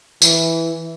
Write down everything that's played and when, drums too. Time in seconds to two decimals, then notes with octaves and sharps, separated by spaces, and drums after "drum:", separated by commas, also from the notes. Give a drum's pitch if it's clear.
0.22 E3, drum: tambourine